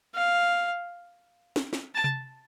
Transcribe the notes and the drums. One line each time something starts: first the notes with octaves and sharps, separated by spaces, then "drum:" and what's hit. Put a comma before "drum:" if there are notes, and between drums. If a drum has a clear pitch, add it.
F5
drum: snare
drum: snare
A5
drum: tom C3